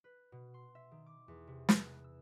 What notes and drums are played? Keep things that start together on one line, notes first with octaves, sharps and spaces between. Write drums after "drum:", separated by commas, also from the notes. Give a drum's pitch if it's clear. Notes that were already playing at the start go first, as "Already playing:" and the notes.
B4
B2
C6
E5
D#3
D6
E2
C3
B4, drum: snare
E6